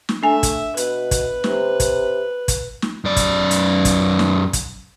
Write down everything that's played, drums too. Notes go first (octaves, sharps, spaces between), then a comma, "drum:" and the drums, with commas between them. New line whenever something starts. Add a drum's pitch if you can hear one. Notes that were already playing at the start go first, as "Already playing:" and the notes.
drum: snare
A3 D4 E5 G#5
drum: kick, hi-hat
B2 B4, drum: hi-hat
drum: kick, hi-hat
C3, drum: snare
drum: kick, hi-hat
drum: kick, hi-hat
drum: snare
F#2 D5
drum: kick, hi-hat
drum: hi-hat
drum: kick, hi-hat
drum: snare
drum: kick, hi-hat